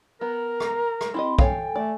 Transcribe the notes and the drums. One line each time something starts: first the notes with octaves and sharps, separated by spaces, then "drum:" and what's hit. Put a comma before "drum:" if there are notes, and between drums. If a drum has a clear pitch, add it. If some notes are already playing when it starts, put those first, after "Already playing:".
B3 A#4 A#5
drum: rim click
drum: rim click
C4 E4 G4 D#5 B5 C6
A4 C#5 F5 G5 G#5, drum: kick
A3 D5